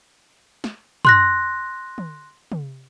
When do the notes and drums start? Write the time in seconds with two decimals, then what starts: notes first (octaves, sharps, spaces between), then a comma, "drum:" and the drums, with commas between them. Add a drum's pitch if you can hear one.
0.64 drum: snare
1.05 C6 F#6 A#6, drum: tom
1.98 drum: tom
2.52 drum: tom